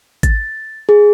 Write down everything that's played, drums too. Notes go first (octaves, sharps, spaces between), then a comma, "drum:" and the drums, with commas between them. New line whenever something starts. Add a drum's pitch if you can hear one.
A6, drum: kick G#1, hi-hat
G#4